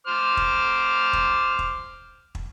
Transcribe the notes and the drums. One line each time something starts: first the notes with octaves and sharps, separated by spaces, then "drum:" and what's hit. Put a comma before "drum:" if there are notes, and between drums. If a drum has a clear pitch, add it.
C5 D6 F6
drum: kick
drum: kick
drum: kick
drum: kick